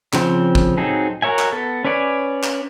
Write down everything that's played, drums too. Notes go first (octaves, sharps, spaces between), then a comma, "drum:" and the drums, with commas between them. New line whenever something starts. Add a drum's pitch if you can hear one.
C#3 F3 C4, drum: clap
drum: kick
F#3 C4 D#4 G#4 A4
F#4 A#4 C#5 E5 G#5
drum: clap
B3 A4
C#4 B4 C#5 D5 G#5
drum: clap